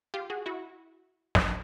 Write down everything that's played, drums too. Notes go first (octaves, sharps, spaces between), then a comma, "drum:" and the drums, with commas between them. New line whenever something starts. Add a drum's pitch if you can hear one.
F4 G4
F#4 G#4
E4 F#4
drum: snare